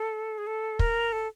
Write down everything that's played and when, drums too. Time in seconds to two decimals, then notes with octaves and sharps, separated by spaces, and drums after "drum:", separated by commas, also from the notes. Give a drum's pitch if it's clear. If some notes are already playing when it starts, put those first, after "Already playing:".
Already playing: A4
0.38 G#4
0.47 A4
0.79 A#4, drum: kick
1.13 A4